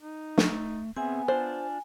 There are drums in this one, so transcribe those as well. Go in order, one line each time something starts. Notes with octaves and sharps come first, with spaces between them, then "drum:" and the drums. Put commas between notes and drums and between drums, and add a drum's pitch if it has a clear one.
D#4
A3, drum: snare
B3 C4 G#4 E5 G#5
D4 F4 C5